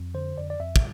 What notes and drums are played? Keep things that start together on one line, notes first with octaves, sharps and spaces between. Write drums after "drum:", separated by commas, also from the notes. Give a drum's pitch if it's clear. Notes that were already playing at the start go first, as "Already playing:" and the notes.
Already playing: F2
D3 C5
F2 D5
D5
F2 E5
drum: kick